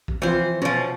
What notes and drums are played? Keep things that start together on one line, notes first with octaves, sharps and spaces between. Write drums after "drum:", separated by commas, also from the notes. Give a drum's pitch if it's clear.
drum: kick A#1
E3 F3 C4 F4 C5
B2 F3 C#4